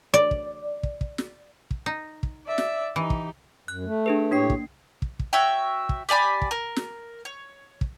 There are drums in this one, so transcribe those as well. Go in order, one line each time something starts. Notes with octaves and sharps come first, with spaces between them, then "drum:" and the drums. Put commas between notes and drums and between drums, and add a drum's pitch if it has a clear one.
D5
drum: kick
drum: kick
drum: kick
drum: snare
drum: kick
D#4
drum: kick
D5 E5
drum: snare
E3 D#4 G4
drum: kick
F#2 F#6
A3
D4 G#4 B4
A2 A#3 D4 G4 C#5 C7
drum: kick
drum: kick
drum: kick
F#4 C#5 E5 G5
drum: kick
G4 D5 G#5 B5
drum: kick
A#4
drum: snare
C#5
drum: kick